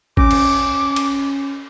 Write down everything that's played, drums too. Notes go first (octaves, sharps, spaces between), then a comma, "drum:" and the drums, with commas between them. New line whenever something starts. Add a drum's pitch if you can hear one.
C#4 D6, drum: kick
drum: cymbal
drum: cymbal